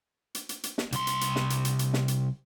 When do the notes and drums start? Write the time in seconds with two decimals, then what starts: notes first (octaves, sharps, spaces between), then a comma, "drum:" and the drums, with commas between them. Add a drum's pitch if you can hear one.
0.35 drum: hi-hat
0.49 drum: hi-hat
0.63 drum: hi-hat
0.78 drum: snare
0.92 C2 C6, drum: hi-hat
1.07 drum: hi-hat
1.21 drum: hi-hat
1.36 drum: snare
1.50 drum: hi-hat
1.65 drum: hi-hat
1.79 drum: hi-hat
1.94 drum: snare
2.08 drum: hi-hat